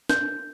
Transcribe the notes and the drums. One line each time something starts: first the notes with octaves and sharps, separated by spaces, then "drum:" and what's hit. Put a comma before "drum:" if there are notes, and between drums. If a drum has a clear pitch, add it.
G6, drum: snare